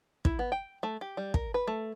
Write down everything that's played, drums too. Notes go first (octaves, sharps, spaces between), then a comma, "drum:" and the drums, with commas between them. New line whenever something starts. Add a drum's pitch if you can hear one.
E4, drum: kick
B3
G5
A3
G4
G3
A#4, drum: kick
B4
A3